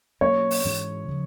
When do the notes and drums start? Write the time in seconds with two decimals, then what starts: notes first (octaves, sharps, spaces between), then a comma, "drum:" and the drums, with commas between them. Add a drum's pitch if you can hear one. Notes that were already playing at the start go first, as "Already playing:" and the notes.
0.21 B2 F#3 A#3 C#4 C#5
0.51 drum: open hi-hat
0.65 G#2 E3 G#3 C#4
1.08 C#3 F3